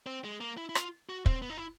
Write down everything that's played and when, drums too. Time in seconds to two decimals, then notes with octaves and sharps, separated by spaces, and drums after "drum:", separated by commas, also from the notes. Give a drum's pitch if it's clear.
0.06 C4
0.24 G#3
0.40 A#3
0.57 E4
0.69 E4
0.75 F4, drum: rim click
1.09 F#4
1.26 C4, drum: kick
1.42 B3
1.50 D#4
1.57 E4